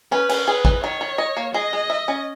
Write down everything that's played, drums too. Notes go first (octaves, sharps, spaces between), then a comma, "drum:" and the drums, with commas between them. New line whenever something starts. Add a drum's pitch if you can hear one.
C#4 B4
C#4, drum: cymbal
G#4 B4
E3, drum: kick
D#3 C#5
D#3
D#5
A#3
G#3 D#5
G#3
E5
C#4